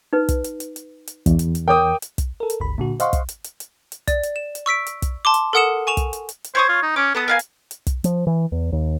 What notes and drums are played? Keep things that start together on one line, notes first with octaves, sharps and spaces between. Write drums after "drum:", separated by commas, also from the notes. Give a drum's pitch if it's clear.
D#4 B4
drum: kick, hi-hat
drum: hi-hat
drum: hi-hat
drum: hi-hat
drum: hi-hat
E2, drum: kick, hi-hat
drum: hi-hat
drum: hi-hat
A#4 C#5 G5 D6 D#6
drum: hi-hat
drum: kick, hi-hat
A4 A#4
drum: hi-hat
G1 C#2 B5
A#2 D3 F#4
C5 D#5 F5 F#5 C6 C#6, drum: hi-hat
drum: kick, hi-hat
drum: hi-hat
drum: hi-hat
drum: hi-hat
drum: hi-hat
D5, drum: kick, hi-hat
drum: hi-hat
E7
drum: hi-hat
C#6 E6 B6 D7
drum: hi-hat
drum: kick, hi-hat
A5 C6 D6
drum: hi-hat
A4 A#4 F#5 D#6 C#7 E7
G#5 C#6 E7 F7
drum: kick, hi-hat
drum: hi-hat
drum: hi-hat
drum: hi-hat
C5 C#5 C#6 D#6
F4
D#4
C#4 D6
B3 A4 A5 D#6
A#4 F5 G#5
drum: hi-hat
drum: hi-hat
drum: kick, hi-hat
F3, drum: hi-hat
E3
E2
D#2